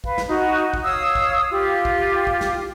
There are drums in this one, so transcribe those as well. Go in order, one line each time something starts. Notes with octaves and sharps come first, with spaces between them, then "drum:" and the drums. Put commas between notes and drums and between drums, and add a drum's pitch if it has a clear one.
B4 F5, drum: kick
drum: snare
D#4 F#4
drum: kick
C#5 F5 D#6 E6
drum: kick
F4 G4
drum: kick
drum: kick
drum: snare